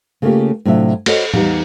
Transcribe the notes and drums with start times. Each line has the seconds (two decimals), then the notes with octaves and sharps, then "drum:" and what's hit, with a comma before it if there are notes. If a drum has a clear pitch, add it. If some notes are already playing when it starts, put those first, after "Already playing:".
0.22 C#3 A3 A#3 C#4 F4 G4
0.65 A2 C3 F#3 D4 F4 E5
1.06 F#4 A4 C5 C#5 D#5 F#5, drum: cymbal
1.34 E2 G3 D#4 G4 F5 F#5, drum: tom A2